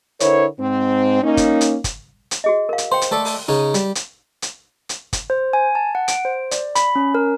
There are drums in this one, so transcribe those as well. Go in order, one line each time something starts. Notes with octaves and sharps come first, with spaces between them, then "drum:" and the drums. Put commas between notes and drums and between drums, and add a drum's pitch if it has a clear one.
D3 E4 A#4 C5 C#5, drum: hi-hat
G#2 C4
A#3 C#4 D#4
drum: kick G1, hi-hat
drum: hi-hat
drum: kick G1, hi-hat
drum: hi-hat
F#4 G#4 D#5
A#4 F5
drum: hi-hat
C5 G5 C6
drum: hi-hat
A3 A4 D5
drum: open hi-hat
C#3 C#4 D#4
G3, drum: hi-hat
drum: hi-hat
drum: hi-hat
drum: hi-hat
drum: kick G1, hi-hat
C5
G#5
A5
F#5
D7, drum: hi-hat
C5
D5, drum: hi-hat
B5, drum: hi-hat
C#4
A#4